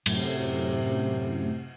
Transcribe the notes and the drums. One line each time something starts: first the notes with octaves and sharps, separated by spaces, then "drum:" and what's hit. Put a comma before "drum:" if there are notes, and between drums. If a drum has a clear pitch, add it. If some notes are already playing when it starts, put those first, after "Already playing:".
F#2 A2 C3, drum: cymbal